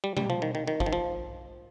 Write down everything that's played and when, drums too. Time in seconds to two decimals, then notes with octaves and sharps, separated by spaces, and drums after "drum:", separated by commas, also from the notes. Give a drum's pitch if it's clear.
0.04 G3
0.17 G3, drum: tom B2
0.30 F3
0.42 D#3
0.55 D#3
0.67 D#3
0.80 F3, drum: kick G1
0.86 D#3
0.93 F3